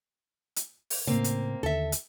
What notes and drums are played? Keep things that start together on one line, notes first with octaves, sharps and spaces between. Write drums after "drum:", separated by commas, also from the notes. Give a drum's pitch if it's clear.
drum: hi-hat
drum: open hi-hat
A2 C#3 A#3 C4
drum: hi-hat
D#2 D3 A4 E5
drum: hi-hat